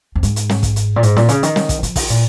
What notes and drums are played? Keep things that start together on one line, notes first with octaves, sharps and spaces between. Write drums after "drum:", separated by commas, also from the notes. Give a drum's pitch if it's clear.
F2
G#2, drum: hi-hat
drum: hi-hat
drum: snare
drum: kick, hi-hat
drum: hi-hat
A#2
G#2, drum: hi-hat
A#2, drum: snare
C#3, drum: hi-hat
D#3, drum: hi-hat
drum: snare
drum: kick, hi-hat
F3, drum: hi-hat
D#3, drum: kick, open hi-hat
A#2, drum: hi-hat